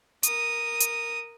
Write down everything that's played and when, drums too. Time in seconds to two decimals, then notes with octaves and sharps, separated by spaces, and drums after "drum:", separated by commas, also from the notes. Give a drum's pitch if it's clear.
0.23 A#4 D#6, drum: hi-hat
0.80 drum: hi-hat